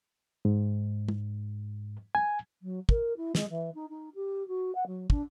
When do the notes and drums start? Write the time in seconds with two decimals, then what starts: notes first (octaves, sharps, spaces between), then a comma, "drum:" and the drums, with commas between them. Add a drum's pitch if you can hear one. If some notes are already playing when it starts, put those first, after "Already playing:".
0.45 G#2
1.08 drum: tom
2.15 G#5
2.62 F#3
2.89 A#4, drum: kick
3.16 E4
3.35 G#3, drum: snare
3.49 E3
3.74 D#4
3.89 D#4
4.15 G4
4.47 F#4
4.75 F#5
4.86 F#3
5.10 D4, drum: kick